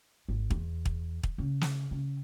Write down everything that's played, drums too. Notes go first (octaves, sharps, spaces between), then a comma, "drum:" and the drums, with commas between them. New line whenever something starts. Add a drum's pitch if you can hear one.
G#1
E2, drum: kick
drum: kick
drum: kick
C#3
drum: snare
C#3